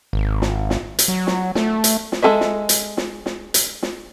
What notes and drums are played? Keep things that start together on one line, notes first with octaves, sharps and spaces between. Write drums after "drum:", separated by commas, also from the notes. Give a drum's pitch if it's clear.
G#1
drum: snare
drum: snare
drum: hi-hat
F#3
drum: snare
A3, drum: snare
drum: hi-hat
drum: snare
G#3 G#4 A4 D#5 E5
drum: snare
drum: hi-hat
drum: snare
drum: snare
drum: hi-hat
drum: snare